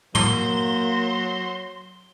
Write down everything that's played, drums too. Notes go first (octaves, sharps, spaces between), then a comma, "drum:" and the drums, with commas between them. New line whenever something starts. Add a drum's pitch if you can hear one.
F#3 A#3 C5 G7, drum: tom